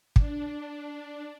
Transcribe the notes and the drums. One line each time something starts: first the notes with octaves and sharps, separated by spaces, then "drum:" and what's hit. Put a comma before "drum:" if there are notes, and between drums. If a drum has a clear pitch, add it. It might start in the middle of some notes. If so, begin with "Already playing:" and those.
D4, drum: kick